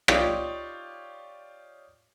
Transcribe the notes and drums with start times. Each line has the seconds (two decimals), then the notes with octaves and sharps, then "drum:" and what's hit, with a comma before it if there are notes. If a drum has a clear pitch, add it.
0.08 D#4 F4 G4 C#5 D5, drum: rim click